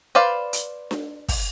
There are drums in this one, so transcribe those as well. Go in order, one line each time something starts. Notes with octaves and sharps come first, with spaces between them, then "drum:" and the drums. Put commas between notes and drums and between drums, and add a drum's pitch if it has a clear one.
B4 C5 D5 F5
drum: hi-hat
drum: snare D4
drum: kick, open hi-hat